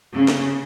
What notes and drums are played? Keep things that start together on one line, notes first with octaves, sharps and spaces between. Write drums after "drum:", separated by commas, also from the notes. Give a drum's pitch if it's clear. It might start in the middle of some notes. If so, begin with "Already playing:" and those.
C#3
drum: snare